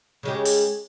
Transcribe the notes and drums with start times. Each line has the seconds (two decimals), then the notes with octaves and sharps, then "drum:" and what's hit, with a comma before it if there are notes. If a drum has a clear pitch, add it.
0.23 C#3 G#3 G4
0.45 drum: open hi-hat